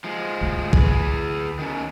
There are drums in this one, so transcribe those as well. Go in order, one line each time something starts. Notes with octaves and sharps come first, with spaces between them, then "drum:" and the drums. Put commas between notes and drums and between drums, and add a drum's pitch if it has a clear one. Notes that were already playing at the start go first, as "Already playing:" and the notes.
F3 G#3
D2
G#4 B4, drum: kick
D#3 C#4